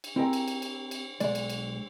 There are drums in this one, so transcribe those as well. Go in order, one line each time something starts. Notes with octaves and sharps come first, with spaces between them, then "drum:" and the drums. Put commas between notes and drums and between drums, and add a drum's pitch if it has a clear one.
drum: cymbal
C4 E4 G4 G#4 A#4 A#5
drum: cymbal
drum: cymbal
drum: cymbal
drum: cymbal
B1 G#3 D5, drum: cymbal
drum: cymbal
drum: cymbal